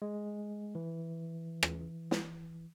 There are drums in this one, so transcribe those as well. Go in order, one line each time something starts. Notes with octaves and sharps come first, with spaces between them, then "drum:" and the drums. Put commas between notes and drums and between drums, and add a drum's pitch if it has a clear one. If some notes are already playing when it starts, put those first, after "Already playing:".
G#3
E3
drum: rim click
drum: snare